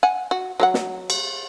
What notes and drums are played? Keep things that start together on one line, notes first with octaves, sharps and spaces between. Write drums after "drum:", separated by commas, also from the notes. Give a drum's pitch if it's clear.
F#5 G#5
F#4
F#3 A4 F#5
drum: snare
drum: cymbal